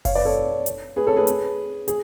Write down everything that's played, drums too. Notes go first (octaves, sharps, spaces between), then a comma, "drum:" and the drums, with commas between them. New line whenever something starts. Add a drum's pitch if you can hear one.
C#5 F5, drum: kick F#1, open hi-hat
B4 D5
A4 C#5
drum: hi-hat
G#4 B4
A4 C#5
G#4 B4
drum: hi-hat
G#4, drum: hi-hat